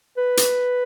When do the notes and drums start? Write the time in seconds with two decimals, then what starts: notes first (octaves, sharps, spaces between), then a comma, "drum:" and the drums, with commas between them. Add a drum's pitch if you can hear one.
0.17 B4
0.37 drum: hi-hat